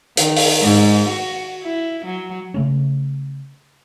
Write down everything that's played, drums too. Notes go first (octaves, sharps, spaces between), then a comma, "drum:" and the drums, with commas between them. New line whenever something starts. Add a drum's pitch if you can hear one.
D#3, drum: hi-hat
drum: open hi-hat
G#2
F#4
E4
F#3
C#3 A3 C#4